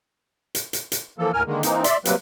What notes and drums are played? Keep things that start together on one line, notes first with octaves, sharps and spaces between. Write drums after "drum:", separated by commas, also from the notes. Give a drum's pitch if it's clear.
drum: hi-hat
drum: hi-hat
drum: hi-hat
E3 F3 A#3 A4
D#2 A2 A#4 G#5 F6
D3 D#3 G#3 A#3
E3 A#3 C4 D#4, drum: hi-hat
D5 E5 C6, drum: hi-hat
C3 F#3 G3 A#3 C4 B4, drum: hi-hat